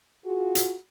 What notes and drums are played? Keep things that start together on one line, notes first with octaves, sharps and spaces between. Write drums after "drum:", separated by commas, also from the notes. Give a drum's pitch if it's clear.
F4 F#4 G#4
drum: hi-hat